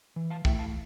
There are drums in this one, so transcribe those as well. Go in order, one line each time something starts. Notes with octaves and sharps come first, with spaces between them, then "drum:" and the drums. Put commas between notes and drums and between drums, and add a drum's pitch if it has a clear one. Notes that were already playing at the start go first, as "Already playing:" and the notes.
E3
F5 A5
A3 E4 E5 G5, drum: kick
F5 A5